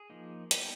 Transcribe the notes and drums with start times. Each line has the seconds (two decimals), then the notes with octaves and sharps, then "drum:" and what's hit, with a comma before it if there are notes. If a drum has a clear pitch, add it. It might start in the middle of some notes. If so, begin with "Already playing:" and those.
Already playing: G#4
0.10 F3 A#3 D#4
0.51 G3 B3 D#4 G4, drum: hi-hat